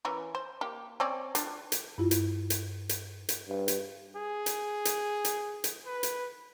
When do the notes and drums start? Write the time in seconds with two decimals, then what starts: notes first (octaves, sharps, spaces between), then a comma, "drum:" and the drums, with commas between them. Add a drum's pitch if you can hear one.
0.05 E3 C#4 A#4
0.35 C5
0.61 A#3 G4
1.00 C4 C#4 D5
1.35 D4 F4, drum: hi-hat
1.72 drum: hi-hat
1.98 G2 E4 F4
2.11 drum: hi-hat
2.50 drum: hi-hat
2.89 drum: hi-hat
3.29 drum: hi-hat
3.48 G2
3.68 drum: hi-hat
4.15 G#4
4.46 drum: hi-hat
4.85 drum: hi-hat
5.25 drum: hi-hat
5.64 drum: hi-hat
5.86 B4
6.03 drum: hi-hat